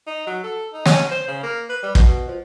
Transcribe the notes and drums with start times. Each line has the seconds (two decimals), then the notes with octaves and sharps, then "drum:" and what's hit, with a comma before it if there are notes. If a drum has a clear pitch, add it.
0.07 D#4
0.27 F#3
0.43 A4
0.74 D#4
0.86 C#4, drum: snare
1.11 C5
1.28 C#3
1.43 A#3
1.69 B4
1.83 G3
1.95 B2, drum: kick
2.28 F3